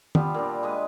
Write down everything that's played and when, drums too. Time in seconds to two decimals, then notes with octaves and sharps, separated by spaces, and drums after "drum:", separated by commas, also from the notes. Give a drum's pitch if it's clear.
0.15 F3 G3 B3, drum: tom
0.34 A#2 D4
0.63 G#3 B4 D#5